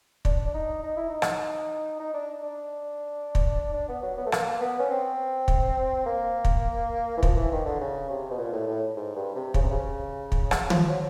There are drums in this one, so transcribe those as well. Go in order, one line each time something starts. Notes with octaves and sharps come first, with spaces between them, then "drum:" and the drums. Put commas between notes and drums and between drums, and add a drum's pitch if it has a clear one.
D4, drum: kick
D4
D#4
D#4
E4
D#4
drum: rim click
D#4
D4
D4
drum: kick
D4
B3
F#3
B3
A3
A#3, drum: rim click
B3
C#4
C4
drum: kick
A#3
drum: kick
E3
F3, drum: kick
E3
D#3
D3
C#3
C3
B2
A#2
A2
A2
G#2
G2
C3
C#3, drum: kick
C3
C#3
drum: kick
drum: rim click
F3, drum: tom
F#3